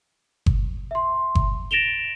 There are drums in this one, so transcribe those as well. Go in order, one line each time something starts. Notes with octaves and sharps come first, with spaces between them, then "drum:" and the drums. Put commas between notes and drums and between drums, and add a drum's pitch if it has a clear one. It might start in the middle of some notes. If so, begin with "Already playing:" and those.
drum: kick G1
E5 C6
drum: kick G1
A6 A#6 D7 E7 F7 G7